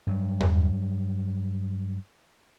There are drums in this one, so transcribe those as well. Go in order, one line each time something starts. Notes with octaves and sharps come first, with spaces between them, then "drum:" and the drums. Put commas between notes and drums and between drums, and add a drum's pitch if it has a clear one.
G2 F#3
drum: tom E2